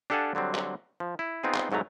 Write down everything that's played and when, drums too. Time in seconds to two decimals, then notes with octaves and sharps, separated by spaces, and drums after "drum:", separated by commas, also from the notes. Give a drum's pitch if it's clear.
0.10 D4 G4 A4 F5 F#5 G#5
0.35 D3 F#3 G3 C4
0.55 drum: clap
1.00 F3
1.19 E4
1.43 B3 C4 D#4 F4 G#4
1.55 drum: clap
1.71 C2 G#2 F#3 A3 A#5